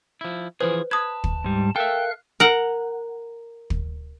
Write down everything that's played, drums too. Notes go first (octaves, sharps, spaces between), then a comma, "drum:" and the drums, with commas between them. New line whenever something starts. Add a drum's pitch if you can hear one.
F3 E4
E3 F3 G#4 B4 C5
B4 A5 D#6 G#6
drum: kick
G#2 G3
A4 A#4 E5 F5 G5 F#6
A#4 F#5
drum: kick